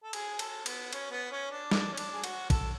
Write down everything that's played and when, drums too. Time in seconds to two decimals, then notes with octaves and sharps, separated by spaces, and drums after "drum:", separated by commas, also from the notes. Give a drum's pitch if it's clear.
0.03 A4
0.13 G#4, drum: cymbal
0.39 A4, drum: cymbal
0.66 B3, drum: cymbal
0.93 C#4, drum: cymbal
1.11 B3
1.31 C#4
1.51 D4
1.71 D4, drum: snare
1.93 C#4
1.97 D4, drum: cymbal
2.12 G#4
2.24 F#4, drum: cymbal
2.50 A4, drum: kick, cymbal